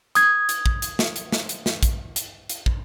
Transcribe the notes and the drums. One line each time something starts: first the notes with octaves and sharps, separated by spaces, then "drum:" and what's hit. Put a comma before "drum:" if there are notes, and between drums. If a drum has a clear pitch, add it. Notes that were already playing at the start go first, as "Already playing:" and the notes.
D#6 G#6, drum: hi-hat
drum: hi-hat
drum: kick
drum: hi-hat
drum: snare
drum: hi-hat
drum: snare
drum: hi-hat
drum: snare
drum: kick, hi-hat
drum: hi-hat
drum: hi-hat
drum: kick